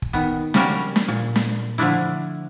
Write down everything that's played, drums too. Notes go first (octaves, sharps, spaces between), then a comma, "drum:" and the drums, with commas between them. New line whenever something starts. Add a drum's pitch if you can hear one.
drum: kick
D#3 B3
C#3 F3 G3 C#4 F#4 A#4, drum: snare
drum: snare
A#2
drum: snare
D3 F3 A3 D4 E4